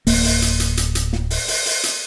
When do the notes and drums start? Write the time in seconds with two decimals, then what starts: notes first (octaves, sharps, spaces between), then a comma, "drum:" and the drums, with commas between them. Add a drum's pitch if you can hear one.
0.07 D1 A#3, drum: open hi-hat
0.24 drum: open hi-hat
0.42 drum: hi-hat
0.60 drum: hi-hat
0.77 drum: hi-hat
0.95 drum: hi-hat
1.13 drum: snare
1.30 drum: open hi-hat
1.48 drum: open hi-hat
1.66 drum: open hi-hat
1.83 drum: hi-hat